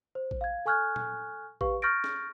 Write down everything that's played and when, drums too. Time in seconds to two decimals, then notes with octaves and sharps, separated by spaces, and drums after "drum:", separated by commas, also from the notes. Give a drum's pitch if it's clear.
0.15 C5
0.31 drum: kick A1
0.41 F5 G#6
0.66 A4 G#5 C#6 F6 F#6 G#6
0.96 drum: tom A#2
1.61 G4 B4 F5 C#6, drum: kick A1
1.82 C#6 F6 G6 A6 A#6 D7
2.04 drum: snare